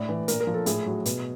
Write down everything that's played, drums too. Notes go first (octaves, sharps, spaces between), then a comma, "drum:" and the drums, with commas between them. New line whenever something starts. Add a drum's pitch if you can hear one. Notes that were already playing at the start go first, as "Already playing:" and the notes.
Already playing: A2 D5
E3
A#2 A#4, drum: hi-hat
A#4
F3
A4
A2 G#4, drum: hi-hat
F#3
B2, drum: hi-hat